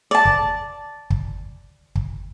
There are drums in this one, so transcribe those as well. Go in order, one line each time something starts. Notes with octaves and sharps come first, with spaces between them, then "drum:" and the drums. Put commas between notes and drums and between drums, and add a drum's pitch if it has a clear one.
D5 A5
drum: kick
drum: kick
drum: kick